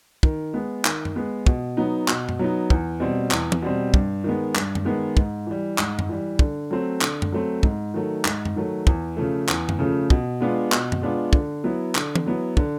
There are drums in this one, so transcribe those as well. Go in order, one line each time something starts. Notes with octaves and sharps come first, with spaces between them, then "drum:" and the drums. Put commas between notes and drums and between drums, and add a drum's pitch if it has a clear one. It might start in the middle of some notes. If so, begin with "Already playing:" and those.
D#3, drum: kick
G#3 B3
D#3, drum: clap
drum: tom F#2
G#3 B3
B2, drum: kick
F#3 B3 D#4
B2, drum: clap
drum: tom F#2
F#3 B3 D#4
E2, drum: kick
B2 G3 C4
E2, drum: clap
drum: tom
B2 G3 C4
G2, drum: kick
D#3 G#3 B3
G2, drum: clap
drum: tom F#2
D#3 G#3 B3
G#2, drum: kick
E3 G3
G#2, drum: clap
drum: tom F#2
E3 G3
D3, drum: kick
F#3 A3 C4
D3, drum: clap
drum: tom F#2
F#3 A3 C4
G#2, drum: kick
D#3 F#3 A3
G#2, drum: clap
drum: tom F#2
D#3 F#3 A3
E2, drum: kick
C#3 F3 A3
E2, drum: clap
drum: tom F#2
C#3 F3 A3
B2, drum: kick
G#3 B3 D4 F4
B2, drum: clap
drum: tom F#2
G#3 B3 D4 F4
D3, drum: kick
F#3 B3 E4
D3, drum: clap
drum: tom
F#3 B3 E4
D3, drum: kick